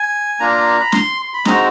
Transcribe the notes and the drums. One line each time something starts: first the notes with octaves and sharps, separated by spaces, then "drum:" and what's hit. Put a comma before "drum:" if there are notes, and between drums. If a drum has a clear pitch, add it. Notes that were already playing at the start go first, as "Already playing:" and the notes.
Already playing: G#5
A#3 D4 F4 A#5
B5
C6, drum: snare
C6
B5
G#3 C4 D#4 F#4 A#5, drum: snare